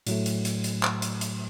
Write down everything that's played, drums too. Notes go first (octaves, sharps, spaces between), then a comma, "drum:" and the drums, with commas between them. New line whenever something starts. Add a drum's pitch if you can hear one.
A2 F#3 A3, drum: hi-hat
drum: hi-hat
drum: hi-hat
drum: hi-hat
drum: clap
drum: hi-hat
drum: hi-hat